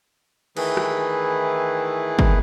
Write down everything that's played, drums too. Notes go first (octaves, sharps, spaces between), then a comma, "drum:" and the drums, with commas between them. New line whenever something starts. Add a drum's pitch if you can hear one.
D#3 E3 A3 E4 G#4 B4, drum: cymbal
drum: rim click
drum: kick G1